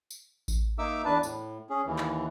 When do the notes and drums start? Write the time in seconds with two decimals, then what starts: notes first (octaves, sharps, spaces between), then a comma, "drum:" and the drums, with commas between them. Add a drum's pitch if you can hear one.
0.10 drum: tambourine
0.48 drum: kick A1, tambourine
0.79 A#3 D#4 E5 D6 E6
1.05 E2 D4 B4 A5
1.23 A2, drum: tambourine
1.70 C#4 G#4
1.86 D#2 E3
1.98 drum: clap